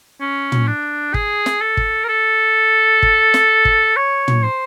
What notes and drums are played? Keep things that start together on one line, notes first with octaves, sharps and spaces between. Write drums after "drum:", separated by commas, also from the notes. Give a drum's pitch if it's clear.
C#4
drum: tom
D4
G#4, drum: kick
drum: snare
A4
drum: kick
A#4
A4
drum: kick
drum: snare
drum: kick
C#5
drum: tom
C5